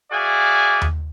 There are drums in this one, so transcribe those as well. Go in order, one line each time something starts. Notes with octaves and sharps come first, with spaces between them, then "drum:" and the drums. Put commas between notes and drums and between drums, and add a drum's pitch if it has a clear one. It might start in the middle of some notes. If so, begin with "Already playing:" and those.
F#4 G#4 D5 E5 F5 G#5
drum: tom D#2